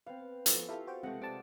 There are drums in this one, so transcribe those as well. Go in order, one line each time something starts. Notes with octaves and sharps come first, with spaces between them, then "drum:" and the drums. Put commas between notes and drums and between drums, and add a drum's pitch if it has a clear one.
B3 C4 F5
F3 B3 A4 G#5 C#6, drum: hi-hat
E4 F4 G4 A4 F5
F#4 C5 G5
C3 G#3 A3 C4 F#5
C3 C4 D5 A5